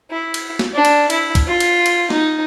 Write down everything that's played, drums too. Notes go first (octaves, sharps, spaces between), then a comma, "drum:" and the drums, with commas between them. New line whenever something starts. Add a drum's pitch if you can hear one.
E4
drum: cymbal
drum: snare
D4
drum: cymbal
E4, drum: cymbal
drum: kick B1, cymbal
F4
drum: cymbal
drum: cymbal
D#4, drum: snare